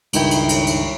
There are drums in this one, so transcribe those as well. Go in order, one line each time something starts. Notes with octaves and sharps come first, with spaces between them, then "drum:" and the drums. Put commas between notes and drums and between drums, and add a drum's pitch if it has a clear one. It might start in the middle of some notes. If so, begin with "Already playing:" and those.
C#2 G2 D#3 D#4 E4 G5, drum: cymbal
drum: cymbal
drum: cymbal
drum: cymbal